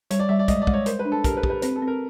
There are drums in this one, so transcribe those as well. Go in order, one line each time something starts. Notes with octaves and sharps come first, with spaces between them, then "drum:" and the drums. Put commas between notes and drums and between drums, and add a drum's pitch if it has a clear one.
G3 C#5, drum: hi-hat
D5
G3 E5
D5
G#3 D#5, drum: kick, hi-hat
D5
G#3, drum: kick
C#5
A#4 C5, drum: hi-hat
B4
D4
A4
G4 A#4, drum: kick, hi-hat
B4
G4, drum: kick
B4
C4 B4, drum: hi-hat
A4
C4
A#4